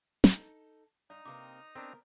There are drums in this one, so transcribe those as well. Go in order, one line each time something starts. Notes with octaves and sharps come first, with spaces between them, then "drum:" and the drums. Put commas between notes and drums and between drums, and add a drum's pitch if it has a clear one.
D#4 A4, drum: snare
G2 D#4 D5 A#5 D#6
C3 A#3 C4 B4 D6
B3 C4 D4 A#4